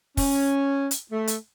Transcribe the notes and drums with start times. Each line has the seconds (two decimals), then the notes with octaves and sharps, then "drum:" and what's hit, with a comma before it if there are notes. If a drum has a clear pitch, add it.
0.17 C#4, drum: kick, open hi-hat
0.91 drum: hi-hat
1.12 A3
1.27 drum: hi-hat